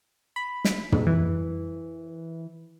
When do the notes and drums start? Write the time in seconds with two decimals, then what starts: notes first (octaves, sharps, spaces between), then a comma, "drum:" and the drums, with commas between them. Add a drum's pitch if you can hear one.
0.36 B5
0.65 drum: snare
0.92 drum: tom
1.07 E3